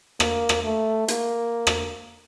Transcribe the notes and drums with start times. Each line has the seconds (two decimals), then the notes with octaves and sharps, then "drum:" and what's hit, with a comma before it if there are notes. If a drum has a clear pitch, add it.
0.20 A#3, drum: rim click
0.49 drum: rim click
0.64 A3
1.08 A#3, drum: hi-hat
1.67 drum: rim click